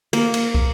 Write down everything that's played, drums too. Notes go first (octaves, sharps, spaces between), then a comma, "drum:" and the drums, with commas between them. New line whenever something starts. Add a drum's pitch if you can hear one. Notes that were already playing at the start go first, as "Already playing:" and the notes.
A#3, drum: cymbal
drum: cymbal
drum: kick